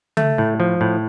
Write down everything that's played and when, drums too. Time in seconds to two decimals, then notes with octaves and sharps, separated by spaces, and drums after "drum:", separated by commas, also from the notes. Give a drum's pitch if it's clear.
0.17 A3, drum: tom C#3
0.38 A2
0.60 F3
0.81 A2